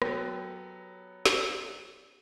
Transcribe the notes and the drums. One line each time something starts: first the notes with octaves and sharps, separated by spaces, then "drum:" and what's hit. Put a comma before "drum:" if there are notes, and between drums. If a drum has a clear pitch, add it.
F#3 B3 G4 A4, drum: rim click
drum: snare